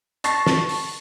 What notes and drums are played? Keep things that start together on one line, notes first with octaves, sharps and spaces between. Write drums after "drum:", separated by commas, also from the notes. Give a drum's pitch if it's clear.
A5 C#6 A6 A#6 C7, drum: hi-hat
drum: snare
drum: open hi-hat